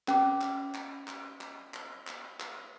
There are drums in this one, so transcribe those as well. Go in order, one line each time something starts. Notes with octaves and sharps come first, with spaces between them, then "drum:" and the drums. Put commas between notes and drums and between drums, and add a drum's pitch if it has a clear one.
C#4 D6, drum: clap
drum: clap
drum: clap
drum: clap
drum: clap
drum: clap
drum: clap
drum: clap